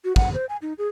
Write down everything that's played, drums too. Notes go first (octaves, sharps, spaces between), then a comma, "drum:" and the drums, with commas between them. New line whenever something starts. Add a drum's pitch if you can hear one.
F#4
F#5, drum: kick
C5
G#5
D#4
G#4